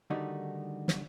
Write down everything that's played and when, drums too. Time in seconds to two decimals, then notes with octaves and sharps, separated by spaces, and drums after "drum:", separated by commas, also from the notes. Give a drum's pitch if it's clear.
0.10 D3 D#3 G3 A3 D#4 F#4
0.88 drum: snare